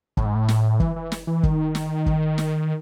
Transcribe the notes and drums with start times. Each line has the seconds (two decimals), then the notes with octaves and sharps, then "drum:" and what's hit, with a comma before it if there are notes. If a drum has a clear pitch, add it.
0.17 A2, drum: kick
0.26 G#2
0.35 A2
0.48 drum: snare
0.80 E3, drum: kick
0.96 E3
1.12 drum: snare
1.27 E3
1.43 D#3, drum: kick
1.75 drum: snare
2.06 drum: kick
2.38 drum: snare